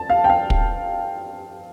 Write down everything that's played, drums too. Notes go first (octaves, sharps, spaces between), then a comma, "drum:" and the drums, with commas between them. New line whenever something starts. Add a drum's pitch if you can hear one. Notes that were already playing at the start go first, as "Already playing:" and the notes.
Already playing: A5
F5
G5
F5
drum: kick